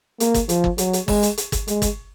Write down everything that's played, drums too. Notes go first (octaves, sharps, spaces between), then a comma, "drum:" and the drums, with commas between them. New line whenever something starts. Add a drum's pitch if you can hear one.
A#3, drum: hi-hat
drum: kick, hi-hat
F3, drum: hi-hat
drum: kick
F#3, drum: hi-hat
drum: hi-hat
G#3, drum: kick, open hi-hat
drum: hi-hat
drum: hi-hat
drum: kick, hi-hat
G#3, drum: hi-hat
drum: kick, hi-hat